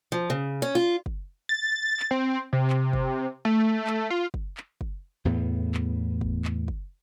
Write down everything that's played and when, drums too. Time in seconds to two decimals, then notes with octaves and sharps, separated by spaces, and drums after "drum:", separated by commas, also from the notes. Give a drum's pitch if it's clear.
0.12 F3
0.30 C#3
0.62 C#4
0.75 F4
1.06 drum: kick
1.49 A6
2.00 drum: clap
2.11 C4
2.53 C3
2.70 drum: clap
2.93 drum: kick
3.45 A3
3.87 drum: clap
4.10 F4
4.34 drum: kick
4.57 drum: clap
4.81 drum: kick
5.25 E2 A2 B3
5.74 drum: clap
6.21 drum: kick
6.45 drum: clap
6.68 drum: kick